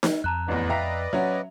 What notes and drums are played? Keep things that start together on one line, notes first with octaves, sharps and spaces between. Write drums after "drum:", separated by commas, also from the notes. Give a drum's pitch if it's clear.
drum: snare D#4
F2 A5 A#5 F#6
A1 E2 B4 D5 D#5
E5 F5 G5 A#5 B6
F#3 C#4 F#4 E5